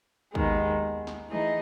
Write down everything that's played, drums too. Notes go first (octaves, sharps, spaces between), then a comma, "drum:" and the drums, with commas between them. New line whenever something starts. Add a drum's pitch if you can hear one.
D#2 D#3 G#3 B3, drum: kick
drum: snare
E3 A3 D#4 G#4 D#5